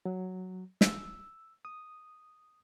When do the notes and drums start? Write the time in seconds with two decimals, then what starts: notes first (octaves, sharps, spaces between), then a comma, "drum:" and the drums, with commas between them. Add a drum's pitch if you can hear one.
0.05 F#3
0.81 E6, drum: snare
1.65 D#6